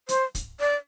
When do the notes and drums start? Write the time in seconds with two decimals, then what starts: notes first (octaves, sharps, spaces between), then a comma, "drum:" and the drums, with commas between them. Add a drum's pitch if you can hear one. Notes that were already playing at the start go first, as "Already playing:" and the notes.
0.09 C5, drum: hi-hat
0.35 drum: kick, hi-hat
0.60 D5